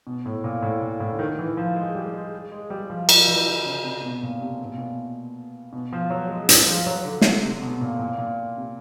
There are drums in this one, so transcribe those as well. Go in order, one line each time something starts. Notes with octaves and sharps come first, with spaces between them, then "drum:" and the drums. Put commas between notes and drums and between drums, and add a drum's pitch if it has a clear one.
B2
A2
A#2
A2
A#2
A2
D3
D#3
E3
F3
G#3
G3
G#3
G#3
G3
F3
F3, drum: cymbal
E3
D3
C#3
C3
B2
A#2
C3
B2
A#2
B2
B2
F3
F#3
G#3
G3, drum: hi-hat
F3
F#3
D3
drum: snare
C3
B2
A#2
A#2
A#2
C3